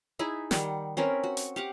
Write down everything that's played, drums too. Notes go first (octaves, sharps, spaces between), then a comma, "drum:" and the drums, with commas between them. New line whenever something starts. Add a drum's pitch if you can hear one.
D#4 E4 G#4
D#3 G3 F#5, drum: snare
C4 C#4 A#4 B4
F#4
drum: hi-hat
G4 F5 F#5